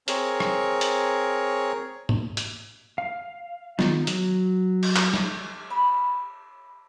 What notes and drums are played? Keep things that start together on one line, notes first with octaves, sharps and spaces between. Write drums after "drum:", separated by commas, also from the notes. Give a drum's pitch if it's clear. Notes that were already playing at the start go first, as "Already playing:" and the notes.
C4 G#4 A#4 C#5, drum: hi-hat
drum: rim click
drum: hi-hat
drum: tom G#2
drum: hi-hat
F5
D#3 B3 D#4 F4 D#5, drum: snare
F#3, drum: hi-hat
drum: cymbal
drum: clap
drum: snare
B5